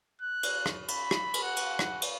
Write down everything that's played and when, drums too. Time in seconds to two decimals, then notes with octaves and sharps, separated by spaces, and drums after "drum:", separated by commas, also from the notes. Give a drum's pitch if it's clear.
0.22 F#6
0.43 drum: cymbal
0.66 drum: rim click
0.88 B5, drum: cymbal
1.11 drum: rim click
1.34 drum: cymbal
1.43 F#5
1.56 drum: cymbal
1.79 drum: rim click
2.02 drum: cymbal